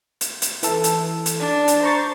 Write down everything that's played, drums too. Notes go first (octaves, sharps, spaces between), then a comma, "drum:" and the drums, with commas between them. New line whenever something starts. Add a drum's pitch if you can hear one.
drum: hi-hat
drum: hi-hat
E3 A4, drum: hi-hat
drum: hi-hat
drum: hi-hat
D4
drum: hi-hat
C5 A#5 C#6 A6